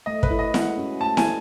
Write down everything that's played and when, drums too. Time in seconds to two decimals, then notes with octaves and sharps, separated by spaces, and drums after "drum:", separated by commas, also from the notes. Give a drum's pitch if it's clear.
0.06 A3 D#5
0.23 B4, drum: kick
0.30 E4 A4 C#5
0.39 D#5
0.54 G#3 F#5, drum: snare E4
0.78 C#4 F#4
1.01 A3 A5
1.17 G#5, drum: snare E4
1.25 D#5